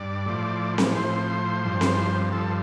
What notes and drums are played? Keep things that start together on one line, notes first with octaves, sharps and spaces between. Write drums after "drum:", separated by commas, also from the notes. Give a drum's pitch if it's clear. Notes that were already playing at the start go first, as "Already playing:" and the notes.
Already playing: G2 D5
A2 F3
drum: snare C4
A2 F3 C5
G2 F3
drum: snare C4
G2 F3 A4